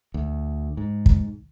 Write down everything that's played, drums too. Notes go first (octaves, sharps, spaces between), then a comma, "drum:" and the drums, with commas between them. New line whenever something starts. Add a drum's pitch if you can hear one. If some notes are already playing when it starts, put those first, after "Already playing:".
D2
G#2
drum: kick